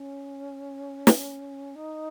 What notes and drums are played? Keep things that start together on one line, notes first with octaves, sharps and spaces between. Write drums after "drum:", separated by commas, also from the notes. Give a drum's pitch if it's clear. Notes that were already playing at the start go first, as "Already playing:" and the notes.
Already playing: C#4
drum: snare
D#4